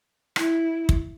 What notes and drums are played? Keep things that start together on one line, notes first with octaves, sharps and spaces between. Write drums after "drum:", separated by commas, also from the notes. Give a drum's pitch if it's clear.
E4, drum: rim click
drum: kick